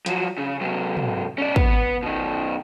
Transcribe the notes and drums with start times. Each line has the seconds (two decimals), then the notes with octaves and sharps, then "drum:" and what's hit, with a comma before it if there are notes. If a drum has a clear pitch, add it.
0.06 F3 F#3, drum: hi-hat
0.38 C#3
0.61 C3 F#3
0.97 drum: tom
1.38 C#4 D5
1.56 B3 B4, drum: kick
2.03 B2 D#3